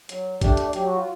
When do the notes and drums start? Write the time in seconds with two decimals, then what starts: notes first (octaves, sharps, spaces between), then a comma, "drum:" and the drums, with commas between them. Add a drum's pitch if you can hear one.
0.09 F#3, drum: hi-hat
0.41 A3 D4 G4, drum: kick, hi-hat
0.57 drum: hi-hat
0.73 F#3 G4, drum: hi-hat
0.85 F#4
0.96 F4